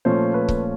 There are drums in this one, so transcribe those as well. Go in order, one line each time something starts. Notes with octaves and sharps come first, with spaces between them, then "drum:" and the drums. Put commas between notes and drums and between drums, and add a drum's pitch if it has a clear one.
A#2 F3 A3 C#4 C5
B4
drum: kick C#1